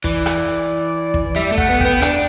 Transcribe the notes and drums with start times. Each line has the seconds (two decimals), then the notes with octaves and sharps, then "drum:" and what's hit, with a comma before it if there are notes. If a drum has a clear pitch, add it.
0.04 E3 D5, drum: kick
0.26 drum: rim click
1.14 drum: kick
1.36 G3 E5
1.52 A3
1.57 F#5, drum: kick
1.69 B3
1.80 B3 G5, drum: kick
2.02 D4, drum: rim click